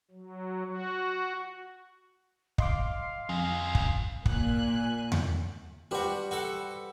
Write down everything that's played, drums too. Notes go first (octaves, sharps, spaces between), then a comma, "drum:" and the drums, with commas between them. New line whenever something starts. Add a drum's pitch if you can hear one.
F#3
F#4
D#5 F5 C6 D6, drum: kick
F2 F4 G#4
drum: kick
A#2 A#3 G#5 F#6, drum: kick
drum: tom E2
G3 D4 F#4 B4 C5
F#4 A4